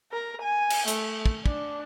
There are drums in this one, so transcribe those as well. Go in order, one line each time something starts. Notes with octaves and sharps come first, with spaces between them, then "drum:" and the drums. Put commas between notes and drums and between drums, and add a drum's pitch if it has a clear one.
A#4
G#5
drum: cymbal
A3, drum: hi-hat
drum: kick
D4, drum: kick